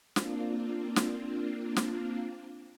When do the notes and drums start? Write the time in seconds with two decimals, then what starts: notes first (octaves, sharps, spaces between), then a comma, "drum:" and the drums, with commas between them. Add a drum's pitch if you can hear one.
0.16 A#3 C4 D4 F4, drum: snare
0.96 drum: snare
1.76 drum: snare